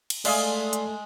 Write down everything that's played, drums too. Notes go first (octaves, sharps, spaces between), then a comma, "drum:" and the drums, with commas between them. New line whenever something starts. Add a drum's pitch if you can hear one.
drum: cymbal
G#3 A3 D5 E5 F5 G#5 D#6, drum: cymbal
drum: hi-hat